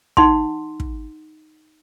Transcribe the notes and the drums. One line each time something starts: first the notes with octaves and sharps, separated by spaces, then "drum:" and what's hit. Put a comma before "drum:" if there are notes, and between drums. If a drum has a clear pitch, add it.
D#4 F#5 C6, drum: kick
drum: kick